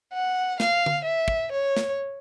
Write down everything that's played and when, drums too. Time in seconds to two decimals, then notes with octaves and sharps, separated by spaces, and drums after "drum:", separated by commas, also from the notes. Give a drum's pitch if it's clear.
0.13 F#5
0.60 F5, drum: snare
0.86 drum: tom D3
1.05 E5
1.28 drum: kick
1.51 C#5
1.77 drum: snare